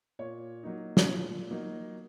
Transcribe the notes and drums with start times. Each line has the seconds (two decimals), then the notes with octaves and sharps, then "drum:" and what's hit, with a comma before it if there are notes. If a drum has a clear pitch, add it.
0.19 A#2 C#5
0.63 F#3 A#3 D#4
0.97 drum: snare
1.07 A#2
1.51 F#3 A#3 D#4